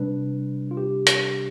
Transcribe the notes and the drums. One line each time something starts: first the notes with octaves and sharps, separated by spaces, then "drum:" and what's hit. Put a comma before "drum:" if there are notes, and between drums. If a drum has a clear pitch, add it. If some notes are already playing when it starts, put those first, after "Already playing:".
Already playing: C3 G3 D4 B4
F4
G4
drum: hi-hat